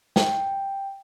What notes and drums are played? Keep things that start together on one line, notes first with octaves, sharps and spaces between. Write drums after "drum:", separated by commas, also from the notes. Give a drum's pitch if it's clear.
G5, drum: snare